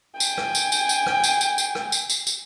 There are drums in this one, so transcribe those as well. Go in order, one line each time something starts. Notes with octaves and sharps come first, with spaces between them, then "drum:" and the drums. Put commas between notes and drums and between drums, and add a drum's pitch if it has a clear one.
G5 G#5, drum: tambourine
drum: rim click
drum: tambourine
drum: tambourine
drum: tambourine
drum: rim click
drum: tambourine
drum: tambourine
drum: tambourine
drum: rim click
drum: tambourine
drum: tambourine
drum: tambourine